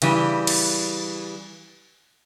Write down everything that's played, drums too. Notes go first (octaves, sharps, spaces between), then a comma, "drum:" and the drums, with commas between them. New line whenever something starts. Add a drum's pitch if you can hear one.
C#3 E3 G3, drum: cymbal
drum: cymbal